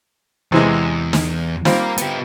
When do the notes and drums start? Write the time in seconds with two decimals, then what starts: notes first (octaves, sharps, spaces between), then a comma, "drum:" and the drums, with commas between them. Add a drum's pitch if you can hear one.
0.52 E2 C3 E3 G#3
1.13 drum: snare
1.65 G3 A#3 C4 F4, drum: snare
1.98 B3 G4, drum: hi-hat